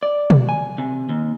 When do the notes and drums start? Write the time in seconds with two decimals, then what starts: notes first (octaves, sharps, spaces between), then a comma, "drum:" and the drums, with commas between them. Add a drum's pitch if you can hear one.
0.03 D5
0.30 drum: tom B2
0.49 G#5
0.78 C3
1.09 D#2